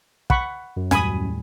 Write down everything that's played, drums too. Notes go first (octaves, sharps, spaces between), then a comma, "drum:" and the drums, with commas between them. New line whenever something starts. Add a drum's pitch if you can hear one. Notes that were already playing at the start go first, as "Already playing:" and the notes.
F#5 B5 C#6, drum: kick
F#2
D#2 A2 G3 G#5 B5 D#6, drum: snare